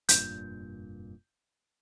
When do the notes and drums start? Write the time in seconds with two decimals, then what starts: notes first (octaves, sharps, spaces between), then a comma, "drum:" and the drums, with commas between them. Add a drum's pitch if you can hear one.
0.09 F1 G2 A#2 G6, drum: hi-hat